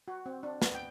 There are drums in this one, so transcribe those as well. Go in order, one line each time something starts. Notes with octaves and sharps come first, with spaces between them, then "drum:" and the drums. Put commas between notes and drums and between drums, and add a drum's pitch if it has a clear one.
F#4
C4
D4
B3, drum: snare
G5